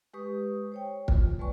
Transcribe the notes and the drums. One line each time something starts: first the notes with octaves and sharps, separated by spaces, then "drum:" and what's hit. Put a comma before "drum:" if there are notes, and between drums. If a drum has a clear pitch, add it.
G#3 G4 B4 C#6 D#6
C5 C#5 G5
F4, drum: kick
G3 A3 B4 D5 G#5 C#6